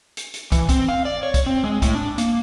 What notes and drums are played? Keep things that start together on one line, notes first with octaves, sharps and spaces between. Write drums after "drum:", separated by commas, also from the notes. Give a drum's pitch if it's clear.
drum: hi-hat
drum: hi-hat
E3, drum: kick, hi-hat
C4, drum: kick, hi-hat
F5
D5
C#5
drum: kick, hi-hat
C4
G#3
A2, drum: kick, hi-hat
D4
A#3, drum: hi-hat